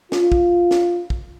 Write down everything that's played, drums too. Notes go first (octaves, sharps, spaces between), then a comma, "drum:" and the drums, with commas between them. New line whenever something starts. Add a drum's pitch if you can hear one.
F4, drum: snare
drum: kick
drum: snare
drum: kick